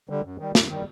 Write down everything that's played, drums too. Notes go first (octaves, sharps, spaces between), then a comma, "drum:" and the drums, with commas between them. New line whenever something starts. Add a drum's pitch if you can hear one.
D3 G3
F#2
D#3 G3
F#2, drum: snare
D#3 G3